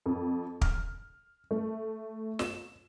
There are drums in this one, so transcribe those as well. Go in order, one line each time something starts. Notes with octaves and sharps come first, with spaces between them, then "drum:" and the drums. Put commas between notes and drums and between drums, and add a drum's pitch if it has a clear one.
F2
F6, drum: kick
A3
E7, drum: snare